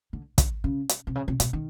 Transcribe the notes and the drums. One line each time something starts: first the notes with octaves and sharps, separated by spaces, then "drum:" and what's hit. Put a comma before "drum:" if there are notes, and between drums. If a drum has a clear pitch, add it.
D3
D3, drum: kick, hi-hat
C#3
drum: hi-hat
C3
C#3
C3
B2, drum: hi-hat
D#3